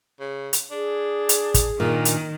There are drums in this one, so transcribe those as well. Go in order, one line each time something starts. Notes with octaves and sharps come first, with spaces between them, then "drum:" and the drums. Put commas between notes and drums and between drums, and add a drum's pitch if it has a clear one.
C#3
drum: hi-hat
D4 G#4
drum: hi-hat
drum: kick, hi-hat
A#2 D#3 A#3 D4
drum: hi-hat